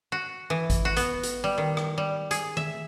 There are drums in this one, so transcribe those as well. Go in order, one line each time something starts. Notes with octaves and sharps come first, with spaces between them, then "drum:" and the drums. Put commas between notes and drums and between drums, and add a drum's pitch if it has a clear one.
F#4
E3
drum: kick G#1, hi-hat
F#4
B3, drum: hi-hat
drum: hi-hat
G3
D#3
drum: rim click
G3
G#4, drum: hi-hat
E5, drum: tom D#3